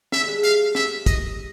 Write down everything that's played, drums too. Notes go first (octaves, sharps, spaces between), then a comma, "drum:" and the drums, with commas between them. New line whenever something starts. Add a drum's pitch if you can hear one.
A3 E5, drum: snare
G3 G#3
G3 F5, drum: hi-hat
E5, drum: snare
D#5, drum: kick, hi-hat